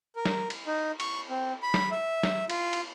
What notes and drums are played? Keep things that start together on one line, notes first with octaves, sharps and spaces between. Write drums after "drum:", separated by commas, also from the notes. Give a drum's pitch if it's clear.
A#4
drum: snare F#3
drum: cymbal
D#4
C#6, drum: cymbal
C4
B5
drum: snare F#3
E5
drum: snare F#3
F4, drum: cymbal
drum: cymbal